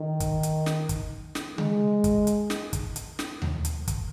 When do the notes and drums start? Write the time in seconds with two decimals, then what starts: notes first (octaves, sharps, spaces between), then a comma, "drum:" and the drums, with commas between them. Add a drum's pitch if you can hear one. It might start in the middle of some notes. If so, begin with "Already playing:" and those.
Already playing: D#3
0.20 drum: kick, hi-hat
0.43 drum: hi-hat
0.66 drum: snare
0.89 drum: kick, hi-hat
1.35 drum: snare
1.58 G#3, drum: tom C#3
2.04 drum: kick, hi-hat
2.27 drum: hi-hat
2.50 drum: snare
2.73 drum: kick, hi-hat
2.96 drum: hi-hat
3.19 drum: snare
3.42 drum: tom D#2
3.65 drum: hi-hat
3.88 drum: kick, hi-hat